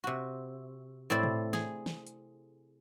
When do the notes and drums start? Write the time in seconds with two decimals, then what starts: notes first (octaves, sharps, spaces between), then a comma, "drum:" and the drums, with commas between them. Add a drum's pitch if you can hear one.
0.04 C3 F#4
1.10 A2 C4 E4 D5
1.23 drum: tom
1.53 G#4, drum: snare
1.86 drum: snare
2.07 drum: hi-hat